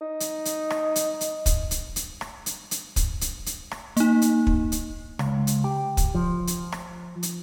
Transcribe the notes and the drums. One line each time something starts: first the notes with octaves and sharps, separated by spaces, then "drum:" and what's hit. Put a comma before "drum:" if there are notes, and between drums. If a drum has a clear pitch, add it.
D#4
drum: hi-hat
drum: hi-hat
drum: rim click
drum: hi-hat
drum: hi-hat
drum: kick, hi-hat
drum: hi-hat
drum: hi-hat
drum: rim click
drum: hi-hat
drum: hi-hat
drum: kick, hi-hat
drum: hi-hat
drum: hi-hat
drum: rim click
A#3 D#4, drum: hi-hat
drum: hi-hat
drum: kick
drum: hi-hat
C#2, drum: rim click
drum: hi-hat
G4
drum: kick, hi-hat
F3
drum: hi-hat
drum: rim click
drum: hi-hat